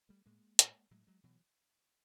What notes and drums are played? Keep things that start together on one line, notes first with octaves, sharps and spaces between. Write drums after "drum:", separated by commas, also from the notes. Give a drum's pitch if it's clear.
G3 A3
A2 G#3 A#3
A2, drum: hi-hat
A2 F#3 G#3
F#3 G#3
B2 E3 F#3